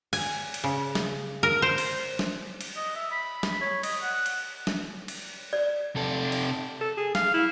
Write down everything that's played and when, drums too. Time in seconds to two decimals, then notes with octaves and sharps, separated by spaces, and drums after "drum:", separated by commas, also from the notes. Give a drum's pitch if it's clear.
0.13 G#5, drum: cymbal
0.54 drum: cymbal
0.64 C#3
0.95 drum: snare
1.43 A#4
1.62 C5
1.78 drum: cymbal
2.19 drum: snare
2.61 drum: cymbal
2.76 D#5
2.96 E5
3.11 B5
3.43 drum: snare
3.61 C#5
3.83 D#5, drum: cymbal
4.02 F#5
4.26 drum: cymbal
4.67 drum: snare
5.08 drum: cymbal
5.53 D5
5.96 C3 A4
6.32 drum: cymbal
6.81 A4
6.97 G#4
7.15 F5, drum: snare
7.34 E4